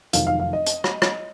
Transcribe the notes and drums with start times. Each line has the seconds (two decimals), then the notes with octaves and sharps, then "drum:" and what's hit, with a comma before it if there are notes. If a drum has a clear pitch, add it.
0.13 F1 F2 D#3 F#3 F5, drum: hi-hat
0.27 F5
0.40 F5
0.53 D#5
0.66 drum: hi-hat
0.84 drum: rim click
1.02 drum: rim click